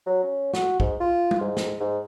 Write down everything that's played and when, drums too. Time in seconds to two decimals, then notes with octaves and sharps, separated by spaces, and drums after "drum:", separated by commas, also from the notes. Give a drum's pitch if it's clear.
0.06 F#3
0.23 C#4
0.53 F#4, drum: snare
0.80 G#2, drum: kick
1.00 F4
1.31 drum: tom G3
1.40 G#2
1.57 drum: snare
1.80 G#2